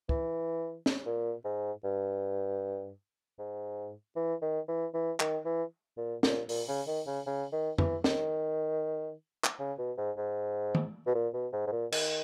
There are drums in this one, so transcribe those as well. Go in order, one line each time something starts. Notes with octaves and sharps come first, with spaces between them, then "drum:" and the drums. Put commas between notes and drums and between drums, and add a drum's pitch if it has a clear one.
E3, drum: kick
drum: snare
A#2
G#2
G2
G#2
E3
D#3
E3
E3
D#3, drum: clap
E3
A#2
A#2, drum: snare
A#2, drum: open hi-hat
C#3
D#3
C#3
C#3
D#3
E3, drum: tom F2
D#3, drum: snare
drum: clap
C#3
B2
G#2
G#2
drum: tom
B2
A#2
B2
G#2
G#2
A#2
D#3, drum: cymbal